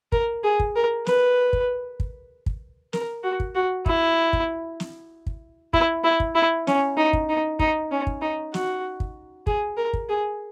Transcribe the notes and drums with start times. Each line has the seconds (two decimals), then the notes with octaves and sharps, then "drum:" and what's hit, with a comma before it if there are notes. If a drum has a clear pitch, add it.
0.12 A#4, drum: kick
0.44 G#4
0.60 drum: kick
0.76 A#4
1.06 B4, drum: snare
1.53 drum: kick
2.00 drum: kick
2.46 drum: kick
2.93 A#4, drum: snare
3.24 F#4
3.40 drum: kick
3.55 F#4
3.86 E4, drum: kick
4.33 drum: kick
4.80 drum: snare
5.27 drum: kick
5.73 E4, drum: kick
6.04 E4
6.20 drum: kick
6.35 E4
6.67 C#4, drum: snare
6.97 D#4
7.13 drum: kick
7.29 D#4
7.59 D#4, drum: kick
7.91 C#4
8.07 drum: kick
8.22 D#4
8.54 F#4, drum: snare
9.00 drum: kick
9.47 G#4, drum: kick
9.77 A#4
9.93 drum: kick
10.09 G#4